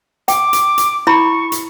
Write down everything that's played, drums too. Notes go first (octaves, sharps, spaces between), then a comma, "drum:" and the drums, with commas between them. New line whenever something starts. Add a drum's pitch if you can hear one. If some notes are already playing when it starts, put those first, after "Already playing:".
G5 D6, drum: hi-hat
drum: hi-hat
drum: hi-hat
E4 A#5 B5 C#6
drum: hi-hat